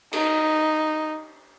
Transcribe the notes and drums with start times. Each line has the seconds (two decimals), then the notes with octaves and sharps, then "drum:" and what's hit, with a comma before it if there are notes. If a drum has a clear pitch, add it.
0.13 D#4, drum: cymbal